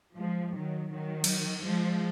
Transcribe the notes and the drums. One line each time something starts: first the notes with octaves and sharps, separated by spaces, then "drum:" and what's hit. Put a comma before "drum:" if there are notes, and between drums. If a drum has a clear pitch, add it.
F3 G#3
D#3 F#3
D#3 F#3
drum: cymbal
F3 G#3